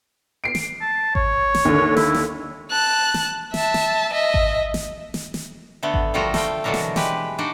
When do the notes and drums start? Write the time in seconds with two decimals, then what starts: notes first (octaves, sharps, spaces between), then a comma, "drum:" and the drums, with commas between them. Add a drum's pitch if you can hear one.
0.44 C7 D7
0.55 drum: snare
0.81 A5
1.15 C#5, drum: kick G#1
1.55 drum: snare
1.65 D#2 D3
1.97 E4, drum: snare
2.14 drum: snare
2.71 A5 F#6
3.14 drum: snare
3.54 E5 A5, drum: snare
3.74 drum: snare
4.13 D#5 E5
4.34 drum: kick G#1
4.74 drum: snare
5.14 drum: snare
5.34 drum: snare
5.83 D3 A3 B3
5.94 drum: kick G#1
6.14 F3 G3 A3 F4 F#4 A#4
6.34 A3 F4 G5, drum: snare
6.64 B2 D3 E3 F#3 D4 A#4
6.74 drum: snare
6.96 G#3 G4 B4, drum: snare
7.38 D4 D#4 F#4 D5